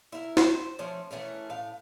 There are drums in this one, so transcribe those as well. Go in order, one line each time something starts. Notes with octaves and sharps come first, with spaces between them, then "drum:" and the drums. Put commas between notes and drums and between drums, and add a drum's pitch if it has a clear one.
E4 A#4
C5, drum: snare E4
F3 A3 C#4
E3 A3 C#4 A#4
A2 F5